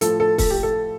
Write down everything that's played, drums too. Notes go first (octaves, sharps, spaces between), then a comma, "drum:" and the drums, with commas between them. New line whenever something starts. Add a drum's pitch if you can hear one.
A2 F3 A4, drum: hi-hat
A4
A4, drum: kick, open hi-hat
G4
A4